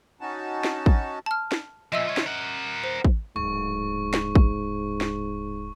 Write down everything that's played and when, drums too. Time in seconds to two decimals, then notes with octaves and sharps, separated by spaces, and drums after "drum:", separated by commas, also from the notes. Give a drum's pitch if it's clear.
0.21 C#4 D#4 F#4 A5
0.64 drum: snare
0.86 drum: kick
1.26 A5 F6
1.52 drum: snare
1.92 A#2 F3 D#5 E5 E6
2.07 F4 C#5
2.17 drum: snare
2.26 A#4 F#5
2.84 C5
3.04 drum: kick
3.36 D1 G#2 C#6
4.14 drum: snare
4.35 drum: kick
5.01 drum: snare